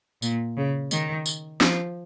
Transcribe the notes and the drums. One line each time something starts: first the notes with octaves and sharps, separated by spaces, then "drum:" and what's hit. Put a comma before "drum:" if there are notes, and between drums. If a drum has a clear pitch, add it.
A#2, drum: tambourine
C#3
D#3, drum: tambourine
drum: tambourine
F3, drum: snare